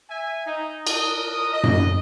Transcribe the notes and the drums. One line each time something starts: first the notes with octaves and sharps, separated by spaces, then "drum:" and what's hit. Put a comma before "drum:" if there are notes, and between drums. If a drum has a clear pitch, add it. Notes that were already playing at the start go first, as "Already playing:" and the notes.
E5 G#5
D#4
A#4 D#6, drum: cymbal
D#5
drum: tom F#2